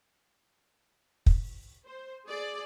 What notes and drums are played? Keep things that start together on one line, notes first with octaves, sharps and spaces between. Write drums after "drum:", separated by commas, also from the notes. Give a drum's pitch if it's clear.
drum: kick
C5
G#4 D5